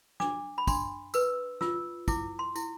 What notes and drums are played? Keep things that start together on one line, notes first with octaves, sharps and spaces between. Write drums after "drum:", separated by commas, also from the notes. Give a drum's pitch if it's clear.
D4 D6, drum: snare
B5
D4 C6, drum: kick, tambourine
B4 E6, drum: tambourine
F4 E6, drum: snare
E4 D6, drum: kick, tambourine
C6
E4, drum: tambourine